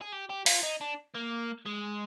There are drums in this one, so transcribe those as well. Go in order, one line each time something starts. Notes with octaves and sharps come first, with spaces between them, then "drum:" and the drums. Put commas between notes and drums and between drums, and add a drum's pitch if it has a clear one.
G#4
G4
G4
F4, drum: open hi-hat
D#4
D4
A#3
G#3